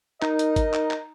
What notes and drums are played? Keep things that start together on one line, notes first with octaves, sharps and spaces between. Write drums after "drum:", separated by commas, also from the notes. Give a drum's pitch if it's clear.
D#4 A#4 D#5, drum: clap
drum: hi-hat
drum: kick, hi-hat
drum: clap
drum: clap